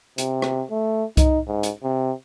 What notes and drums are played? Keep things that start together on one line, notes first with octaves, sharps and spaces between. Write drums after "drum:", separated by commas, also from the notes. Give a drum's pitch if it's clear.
C3, drum: hi-hat
drum: rim click
A3
D#4, drum: kick C2, hi-hat
G#2
drum: hi-hat
C3